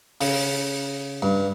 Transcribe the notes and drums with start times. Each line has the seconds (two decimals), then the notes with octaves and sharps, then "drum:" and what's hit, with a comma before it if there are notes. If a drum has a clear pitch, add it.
0.21 C#3, drum: open hi-hat
1.22 G2